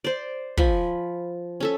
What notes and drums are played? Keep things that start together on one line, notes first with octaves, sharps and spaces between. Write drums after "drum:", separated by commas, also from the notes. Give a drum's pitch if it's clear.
C5 D5
F3 G#5 B5, drum: kick
C#4 A4 E5